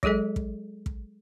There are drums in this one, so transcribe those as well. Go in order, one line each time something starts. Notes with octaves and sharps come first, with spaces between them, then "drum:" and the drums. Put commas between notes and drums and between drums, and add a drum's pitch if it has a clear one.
F#3 G#3 G#4 A4 D#5, drum: kick
drum: kick
drum: kick